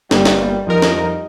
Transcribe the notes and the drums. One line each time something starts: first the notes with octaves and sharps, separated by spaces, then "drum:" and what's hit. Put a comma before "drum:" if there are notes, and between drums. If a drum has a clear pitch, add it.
G1 G3 A#3 B3, drum: snare
drum: snare
F2 F3 D#4 A#4
drum: snare